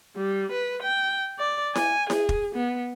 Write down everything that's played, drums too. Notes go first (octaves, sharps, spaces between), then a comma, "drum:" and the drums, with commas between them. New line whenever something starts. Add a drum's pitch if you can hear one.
G3
B4
G5
D5
G#5, drum: snare E4
G#4, drum: snare E4
drum: kick
B3